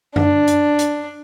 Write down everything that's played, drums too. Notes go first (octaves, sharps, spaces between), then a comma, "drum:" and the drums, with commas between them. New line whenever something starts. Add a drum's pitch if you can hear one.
D4, drum: tom F#2
drum: hi-hat
drum: hi-hat